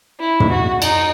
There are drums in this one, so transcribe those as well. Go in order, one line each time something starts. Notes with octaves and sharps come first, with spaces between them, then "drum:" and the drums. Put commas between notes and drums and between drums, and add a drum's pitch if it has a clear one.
E4
drum: tom
F#4
D#4, drum: cymbal